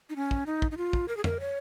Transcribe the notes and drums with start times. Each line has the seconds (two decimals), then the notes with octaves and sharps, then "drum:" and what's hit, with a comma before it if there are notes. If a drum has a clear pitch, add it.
0.10 D#4
0.16 C#4
0.31 drum: kick
0.46 D#4
0.62 drum: kick
0.71 D#4
0.77 F4
0.93 drum: kick
1.08 A#4
1.17 G#4
1.24 A#4, drum: tom
1.40 C#5